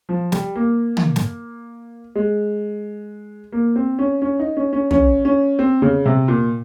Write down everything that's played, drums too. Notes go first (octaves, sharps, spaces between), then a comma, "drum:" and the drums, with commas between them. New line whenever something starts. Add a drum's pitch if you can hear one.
F3
G3, drum: snare
A#3
drum: tom
drum: snare
G#3
A#3
C4
C#4
C#4
D#4
C#4
C#4
C#4, drum: tom
C#4
C4
C#3
C3
A#2